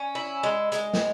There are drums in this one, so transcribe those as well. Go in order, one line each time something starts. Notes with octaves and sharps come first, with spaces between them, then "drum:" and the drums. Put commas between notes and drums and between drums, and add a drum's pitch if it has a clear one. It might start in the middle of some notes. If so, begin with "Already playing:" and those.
Already playing: C#4
E4
G#3
G#3, drum: hi-hat
drum: snare